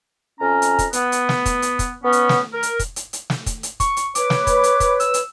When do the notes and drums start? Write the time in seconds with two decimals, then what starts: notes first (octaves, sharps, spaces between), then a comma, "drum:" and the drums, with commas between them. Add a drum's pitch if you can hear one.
0.40 F2 C#4 A#5
0.62 drum: hi-hat
0.79 drum: kick, hi-hat
0.93 B3, drum: hi-hat
1.12 drum: hi-hat
1.29 drum: snare
1.46 drum: kick, hi-hat
1.62 drum: hi-hat
1.79 drum: kick, hi-hat
2.03 B3 C#4
2.12 drum: hi-hat
2.29 drum: snare
2.53 A#4
2.63 drum: hi-hat
2.79 drum: kick, hi-hat
2.96 drum: hi-hat
3.13 drum: hi-hat
3.30 drum: snare
3.46 drum: kick, hi-hat
3.63 drum: hi-hat
3.80 C#6, drum: kick, hi-hat
3.97 drum: hi-hat
4.15 B4 C#5 D6, drum: hi-hat
4.30 drum: snare
4.47 drum: kick, hi-hat
4.64 drum: hi-hat
4.80 drum: kick, hi-hat
5.00 E6, drum: hi-hat
5.14 drum: hi-hat